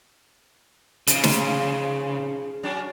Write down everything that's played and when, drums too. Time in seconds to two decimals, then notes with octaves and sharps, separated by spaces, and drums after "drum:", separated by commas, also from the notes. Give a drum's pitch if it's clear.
1.07 G#2 C#3 F3 G#3, drum: hi-hat
1.24 drum: snare
2.63 F#3 C#4 D4